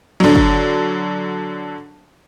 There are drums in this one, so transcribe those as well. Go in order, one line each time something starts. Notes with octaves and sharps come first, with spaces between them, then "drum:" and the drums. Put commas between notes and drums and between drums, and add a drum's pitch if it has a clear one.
D3 F#3
drum: kick